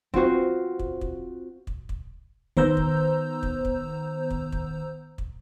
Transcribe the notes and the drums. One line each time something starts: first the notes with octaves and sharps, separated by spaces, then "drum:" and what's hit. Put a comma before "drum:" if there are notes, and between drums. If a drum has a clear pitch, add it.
C4 F4 F#4 C5, drum: kick
drum: kick
drum: kick
drum: kick
drum: kick
D#3 B3 C5 A#5 E6 G6, drum: kick
drum: kick
drum: kick
drum: kick
drum: kick
drum: kick
drum: kick